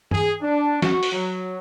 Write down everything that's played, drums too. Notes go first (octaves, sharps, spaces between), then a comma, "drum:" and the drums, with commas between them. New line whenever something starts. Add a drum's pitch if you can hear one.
G#4, drum: tom
D4
F#4, drum: snare F3
drum: open hi-hat
F#3